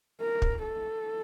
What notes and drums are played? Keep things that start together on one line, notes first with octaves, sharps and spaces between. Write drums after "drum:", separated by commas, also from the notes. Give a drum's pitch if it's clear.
A#4
drum: kick
A4